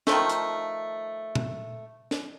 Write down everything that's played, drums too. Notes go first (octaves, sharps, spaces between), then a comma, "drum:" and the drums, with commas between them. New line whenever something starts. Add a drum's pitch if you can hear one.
D#3 F3 A3, drum: snare
drum: hi-hat
drum: tom A#2
drum: snare